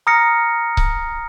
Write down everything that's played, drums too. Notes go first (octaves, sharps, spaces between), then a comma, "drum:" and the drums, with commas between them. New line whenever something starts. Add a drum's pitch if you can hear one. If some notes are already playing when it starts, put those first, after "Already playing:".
A#5 D#6 F6 A#6 C#7
drum: kick C#1